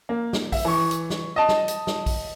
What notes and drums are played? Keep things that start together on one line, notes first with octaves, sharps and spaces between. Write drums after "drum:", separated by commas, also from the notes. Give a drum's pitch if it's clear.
A#3
drum: snare
E5, drum: kick A#1, open hi-hat
E3 C#6
drum: hi-hat
drum: snare
D#5 A5
drum: snare
drum: hi-hat
drum: snare
drum: kick A#1, open hi-hat